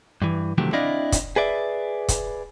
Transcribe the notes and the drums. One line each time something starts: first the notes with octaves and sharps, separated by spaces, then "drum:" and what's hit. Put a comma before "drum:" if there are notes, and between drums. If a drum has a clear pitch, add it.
G2 E3
C3 D#3 F3 F#3 A3 G4
C4 D4 E4 D5 D#5 F5
drum: kick, hi-hat
G#4 B4 D5 E5
drum: kick, hi-hat